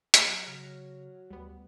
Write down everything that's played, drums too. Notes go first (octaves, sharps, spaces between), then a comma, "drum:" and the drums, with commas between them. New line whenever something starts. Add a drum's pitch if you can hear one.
drum: hi-hat
F#3 A#5 F#6
C#3 F6 A#6
D2 G3 B3